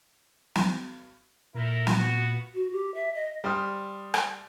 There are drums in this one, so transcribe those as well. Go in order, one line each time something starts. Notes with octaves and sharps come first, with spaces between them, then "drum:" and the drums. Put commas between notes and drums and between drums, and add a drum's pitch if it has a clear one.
drum: snare
A#2 A3 E4 A#4
B3 F#4, drum: snare
F#4
G4
E5
D#5
G3 C5 D#6 F6
drum: rim click